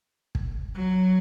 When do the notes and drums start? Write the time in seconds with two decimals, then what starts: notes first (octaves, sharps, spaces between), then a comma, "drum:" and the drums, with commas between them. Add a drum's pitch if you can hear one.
0.35 drum: kick
0.75 F#3